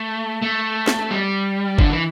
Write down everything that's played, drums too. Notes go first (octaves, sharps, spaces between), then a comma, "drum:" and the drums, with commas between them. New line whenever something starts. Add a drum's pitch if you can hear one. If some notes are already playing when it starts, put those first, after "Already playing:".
Already playing: A3
A3
drum: snare
G3
D3, drum: kick
E3